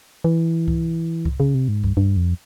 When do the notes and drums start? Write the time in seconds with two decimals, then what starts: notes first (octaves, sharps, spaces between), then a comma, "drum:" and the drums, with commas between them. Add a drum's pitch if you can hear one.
0.24 E3
0.68 drum: kick C2
1.25 drum: kick C2
1.40 C#3
1.54 C3
1.68 G#2
1.84 G2, drum: kick C2
1.97 G2
2.17 F2